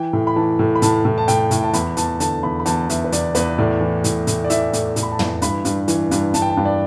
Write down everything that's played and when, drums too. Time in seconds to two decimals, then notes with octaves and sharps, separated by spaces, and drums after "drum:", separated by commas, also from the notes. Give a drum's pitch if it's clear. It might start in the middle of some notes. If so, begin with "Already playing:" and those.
Already playing: E3 G5
0.13 A2
0.27 B5
0.36 E3 A5
0.59 A2
0.75 B5
0.82 A2 A5, drum: hi-hat
1.05 A2
1.18 A5
1.28 A2 G5, drum: hi-hat
1.51 A2, drum: hi-hat
1.64 A5
1.73 E2 B5, drum: hi-hat
1.97 E2 A5, drum: hi-hat
2.20 D3 A5, drum: hi-hat
2.43 E2 B5
2.60 B5
2.66 E2 A5, drum: hi-hat
2.90 E2 E5, drum: hi-hat
3.04 B4
3.12 E2 D5, drum: hi-hat
3.35 E2 B4, drum: hi-hat
3.58 A2 D5
3.81 E3
4.04 A2, drum: hi-hat
4.27 A2, drum: hi-hat
4.45 D5
4.50 E3 E5, drum: hi-hat
4.73 A2, drum: hi-hat
4.96 A2, drum: hi-hat
5.03 B5
5.12 A5
5.19 E3, drum: tom
5.42 G2 B5, drum: hi-hat
5.65 G2, drum: hi-hat
5.88 E3, drum: hi-hat
6.11 G2, drum: hi-hat
6.34 G2 A5, drum: hi-hat
6.42 G5
6.50 A5
6.57 G2
6.65 D5